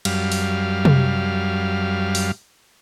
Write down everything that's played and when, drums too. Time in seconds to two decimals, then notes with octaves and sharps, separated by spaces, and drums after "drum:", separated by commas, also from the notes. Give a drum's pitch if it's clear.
0.05 F#2 G3 F5, drum: cymbal
0.32 drum: open hi-hat
0.85 drum: tom C3
2.15 drum: open hi-hat